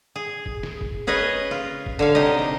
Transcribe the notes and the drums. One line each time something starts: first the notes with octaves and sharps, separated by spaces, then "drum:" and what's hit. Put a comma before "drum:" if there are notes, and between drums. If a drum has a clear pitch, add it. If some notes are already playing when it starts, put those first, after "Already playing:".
G#4
drum: kick F#1
drum: snare
drum: kick F#1
C#4 G#4 B4 C#5 D#5
F4, drum: snare
drum: kick F#1
D3 C#5 F5
C3 D#4 G4 D#5
drum: snare